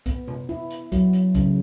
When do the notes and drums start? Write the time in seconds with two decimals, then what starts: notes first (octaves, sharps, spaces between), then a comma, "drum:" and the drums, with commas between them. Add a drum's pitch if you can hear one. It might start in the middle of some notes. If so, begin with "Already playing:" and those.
0.06 B3, drum: kick C2, hi-hat
0.28 drum: tom C3
0.49 E4
0.70 drum: hi-hat
0.92 F#3, drum: kick C2, hi-hat
1.13 drum: hi-hat
1.35 C#3, drum: kick C2, hi-hat